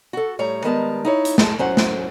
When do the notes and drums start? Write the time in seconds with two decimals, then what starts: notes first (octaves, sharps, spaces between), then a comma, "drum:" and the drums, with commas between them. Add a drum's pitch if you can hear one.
0.13 F#4 A4
0.39 A2 G3 C#5 A#5
0.64 D#3 G3 G#3 B3 A#4 A5
1.05 D#4 E4 C#5
1.25 drum: hi-hat
1.38 F#2 G#3 A5, drum: snare
1.59 F#3 C#4 C5 F#5
1.77 drum: snare